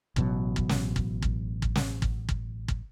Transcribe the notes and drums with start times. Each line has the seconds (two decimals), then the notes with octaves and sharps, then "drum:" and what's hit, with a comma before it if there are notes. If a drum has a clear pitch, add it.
0.16 A1 B2 F#3, drum: kick
0.56 drum: kick
0.69 drum: snare
0.96 drum: kick
1.22 drum: kick
1.62 drum: kick
1.75 drum: snare
2.02 drum: kick
2.29 drum: kick
2.68 drum: kick